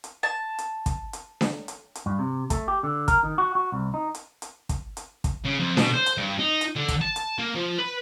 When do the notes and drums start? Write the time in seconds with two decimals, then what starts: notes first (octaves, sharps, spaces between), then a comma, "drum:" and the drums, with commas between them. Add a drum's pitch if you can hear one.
0.04 drum: hi-hat
0.23 A5
0.59 drum: hi-hat
0.86 drum: kick, hi-hat
1.13 drum: hi-hat
1.41 drum: snare D4
1.68 drum: hi-hat
1.95 drum: hi-hat
2.06 G2
2.19 C3
2.50 A3, drum: kick, hi-hat
2.68 G4
2.83 D3
3.08 A#4, drum: kick, hi-hat
3.23 D#3
3.38 F#4
3.55 F#4
3.72 C2
3.94 D#4
4.15 drum: hi-hat
4.42 drum: hi-hat
4.69 drum: kick, hi-hat
4.97 drum: hi-hat
5.24 drum: kick, hi-hat
5.45 C#3
5.60 F2
5.77 B2, drum: snare D4
5.93 C5
6.06 drum: hi-hat
6.17 G2
6.39 D#4
6.61 drum: hi-hat
6.76 D3
6.88 drum: kick, hi-hat
7.02 A5
7.16 drum: hi-hat
7.39 A#3
7.55 F3
7.78 B4